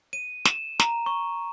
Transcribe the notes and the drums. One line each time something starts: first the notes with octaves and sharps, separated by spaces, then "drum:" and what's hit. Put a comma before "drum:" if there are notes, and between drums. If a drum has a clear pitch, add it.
D#7
E7, drum: snare
A#5, drum: snare
C#6